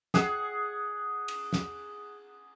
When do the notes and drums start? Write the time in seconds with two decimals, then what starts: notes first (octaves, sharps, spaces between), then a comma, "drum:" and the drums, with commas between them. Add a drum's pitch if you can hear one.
0.14 G#4 F#5, drum: snare
1.28 drum: cymbal
1.53 drum: snare